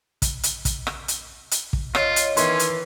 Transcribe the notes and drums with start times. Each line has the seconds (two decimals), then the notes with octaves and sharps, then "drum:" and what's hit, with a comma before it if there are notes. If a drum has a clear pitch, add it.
0.22 drum: kick, hi-hat
0.43 drum: hi-hat
0.65 drum: kick, hi-hat
0.87 drum: rim click
1.08 drum: hi-hat
1.51 drum: hi-hat
1.73 drum: kick
1.95 F4 C#5 D#5, drum: rim click
2.16 drum: hi-hat
2.37 D#3 E3 C#4 C6, drum: hi-hat
2.59 drum: hi-hat